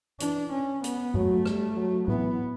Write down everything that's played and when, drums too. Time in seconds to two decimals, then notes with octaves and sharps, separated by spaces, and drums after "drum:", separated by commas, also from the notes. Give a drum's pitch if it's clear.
0.20 E3 D4, drum: hi-hat
0.52 C#4
0.84 B3, drum: hi-hat
1.14 F#3 A3, drum: tom G2
1.46 G3, drum: rim click
1.76 F#3
2.08 E3 B3, drum: tom